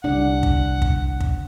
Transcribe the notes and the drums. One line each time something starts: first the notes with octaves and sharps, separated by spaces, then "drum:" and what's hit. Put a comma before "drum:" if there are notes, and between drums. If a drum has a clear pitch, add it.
C2 D4 D5 F#5
drum: kick
drum: kick
drum: kick